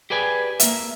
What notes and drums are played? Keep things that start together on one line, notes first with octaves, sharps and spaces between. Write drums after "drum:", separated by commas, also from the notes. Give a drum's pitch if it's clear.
G4 G#4 B4 D5 G#5
A#3 E5, drum: hi-hat